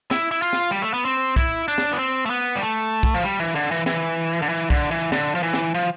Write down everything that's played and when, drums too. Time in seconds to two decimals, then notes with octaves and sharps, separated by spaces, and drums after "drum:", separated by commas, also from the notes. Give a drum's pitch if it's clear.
0.11 E4, drum: snare
0.31 E4
0.42 F4
0.53 drum: snare
0.71 G3
0.82 A3
0.94 B3
1.05 C4
1.36 E4, drum: kick
1.68 D4
1.78 drum: snare
1.92 B3
1.99 C4
2.26 A3
2.30 B3
2.55 G3
2.61 A3
3.03 drum: kick
3.14 F3
3.24 G3
3.40 E3
3.55 D3
3.71 E3
3.86 E3, drum: snare
4.42 D3
4.49 E3
4.70 D3, drum: kick
4.91 E3
5.12 D3, drum: snare
5.35 F3
5.43 E3
5.54 drum: snare
5.74 F3